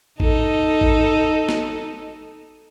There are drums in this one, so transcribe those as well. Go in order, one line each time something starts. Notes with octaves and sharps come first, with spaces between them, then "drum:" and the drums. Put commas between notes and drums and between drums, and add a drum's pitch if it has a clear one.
D#4 A4, drum: kick A1
drum: kick A1
drum: snare